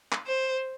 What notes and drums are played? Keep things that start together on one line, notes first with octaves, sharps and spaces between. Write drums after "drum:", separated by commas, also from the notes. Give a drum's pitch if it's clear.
drum: clap
C5